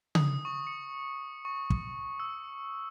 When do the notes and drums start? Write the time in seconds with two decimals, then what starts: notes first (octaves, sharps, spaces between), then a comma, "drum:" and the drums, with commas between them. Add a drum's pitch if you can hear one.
0.15 D#6, drum: tom C#3
0.45 C#6
0.67 C#7
1.45 C#6
1.70 drum: kick
2.20 E6